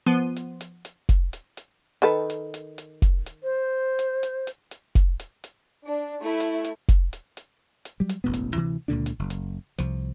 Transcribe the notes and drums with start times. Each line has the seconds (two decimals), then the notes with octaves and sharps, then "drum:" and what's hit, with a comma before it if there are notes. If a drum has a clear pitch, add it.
0.06 F3 B3 C6 D#7
0.36 drum: hi-hat
0.61 drum: hi-hat
0.85 drum: hi-hat
1.09 drum: kick F1, hi-hat
1.33 drum: hi-hat
1.57 drum: hi-hat
2.02 D#3 A4 B4
2.30 drum: hi-hat
2.54 drum: hi-hat
2.78 drum: hi-hat
3.02 drum: kick F1, hi-hat
3.26 drum: hi-hat
3.43 C5
3.99 drum: hi-hat
4.23 drum: hi-hat
4.47 drum: hi-hat
4.71 drum: hi-hat
4.95 drum: kick F1, hi-hat
5.20 drum: hi-hat
5.44 drum: hi-hat
5.87 D4
6.22 A3 E4
6.40 drum: hi-hat
6.64 drum: hi-hat
6.89 drum: kick F1, hi-hat
7.13 drum: hi-hat
7.37 drum: hi-hat
7.85 drum: hi-hat
8.00 F#3 G3
8.09 drum: hi-hat
8.24 E1 A1 F#2 B3
8.34 drum: hi-hat
8.54 D2 C3 E3
8.88 C#2 A#2 D3 D4
9.06 drum: hi-hat
9.19 F#1
9.30 drum: hi-hat
9.78 C2 F3, drum: hi-hat